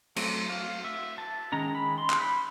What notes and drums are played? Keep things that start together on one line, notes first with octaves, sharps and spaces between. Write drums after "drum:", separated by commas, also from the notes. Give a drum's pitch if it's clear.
F#3 A3 C4, drum: cymbal
F5
E5
A5
D#3 G#3 C#4 A#5
B5
C6
drum: clap
B5